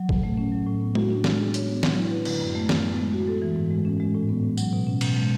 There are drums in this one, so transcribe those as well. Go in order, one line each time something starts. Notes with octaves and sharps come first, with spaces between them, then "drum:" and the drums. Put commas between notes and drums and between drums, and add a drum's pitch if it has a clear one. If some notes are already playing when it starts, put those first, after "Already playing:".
Already playing: F#3
A2, drum: kick
A3
C#4
F#3
A2
B3
F#4, drum: tom G#3
D4
G#3, drum: snare
G#4
C#5, drum: hi-hat
B3
F#3, drum: snare
E4
B4
D3, drum: cymbal
F#2
A3
F#2, drum: snare
B3
G#3
F#4
A4
E3
G#2
G#3
C#4
G#3
A2
B3
A2
F#3, drum: tambourine
B2
C#4
B2, drum: cymbal
G#3